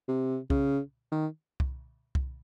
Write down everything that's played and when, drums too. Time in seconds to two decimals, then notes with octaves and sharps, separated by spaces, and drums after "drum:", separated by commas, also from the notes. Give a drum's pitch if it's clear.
0.08 C3
0.50 C#3, drum: kick C2
1.12 D#3
1.60 drum: kick C2
2.15 drum: kick C2